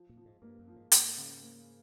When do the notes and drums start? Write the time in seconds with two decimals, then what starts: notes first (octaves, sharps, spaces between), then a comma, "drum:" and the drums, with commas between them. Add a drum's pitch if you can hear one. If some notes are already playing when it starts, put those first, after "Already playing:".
Already playing: F3
0.09 A#2
0.17 F3
0.25 G#2
0.42 G2 A#3
0.59 F#2
0.67 F3
0.76 G#2
0.92 G#2 A#3, drum: hi-hat
1.17 C#3
1.42 A#3